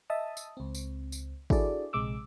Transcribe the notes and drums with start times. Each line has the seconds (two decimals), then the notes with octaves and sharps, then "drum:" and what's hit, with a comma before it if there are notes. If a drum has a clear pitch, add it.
0.10 D#5 E5 A5 D#6
0.37 drum: tambourine
0.57 C#2 C4
0.75 drum: tambourine
1.12 drum: tambourine
1.50 D4 E4 F#4 G#4 A4 D5, drum: kick G#1
1.93 A#1 C3 G#3 D6 E6